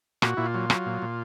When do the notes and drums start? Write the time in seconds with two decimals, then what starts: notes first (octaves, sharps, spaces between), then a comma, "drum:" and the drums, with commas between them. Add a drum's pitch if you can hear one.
0.22 A#2 F#4, drum: rim click
0.37 A#2 E4
0.46 F4
0.54 F#3
0.70 F#3, drum: rim click
0.86 A#2
1.02 A#2